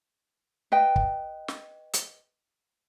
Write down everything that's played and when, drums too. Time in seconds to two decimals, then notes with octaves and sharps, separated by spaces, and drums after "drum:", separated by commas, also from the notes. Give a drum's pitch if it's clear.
0.72 B4 D#5 G5
0.96 drum: kick
1.48 drum: snare
1.93 drum: hi-hat